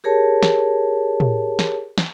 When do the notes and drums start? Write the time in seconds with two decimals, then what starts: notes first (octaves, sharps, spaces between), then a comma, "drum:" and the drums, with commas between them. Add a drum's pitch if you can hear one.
0.04 G4 G#4 A#4 C#5 A5
0.43 drum: snare
1.20 drum: tom
1.59 drum: snare
1.98 drum: snare